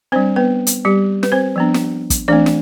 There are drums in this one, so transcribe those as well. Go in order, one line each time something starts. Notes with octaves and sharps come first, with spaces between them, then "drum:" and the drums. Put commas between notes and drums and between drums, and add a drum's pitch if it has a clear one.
G3 C4 D4 C5
B3 B4
drum: hi-hat
G3 C4 G4
B4, drum: snare
C4 C5
F3 B3 D4
drum: snare
drum: kick, hi-hat
E3 A3 C4 D4 D5
drum: snare